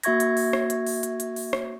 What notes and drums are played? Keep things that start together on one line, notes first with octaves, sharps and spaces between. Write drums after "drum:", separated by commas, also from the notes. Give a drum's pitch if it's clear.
A#3 F#4 E5 C#6 G#6 A#6, drum: hi-hat
drum: hi-hat
drum: open hi-hat
drum: rim click
drum: hi-hat
drum: open hi-hat
drum: hi-hat
drum: hi-hat
drum: open hi-hat
drum: rim click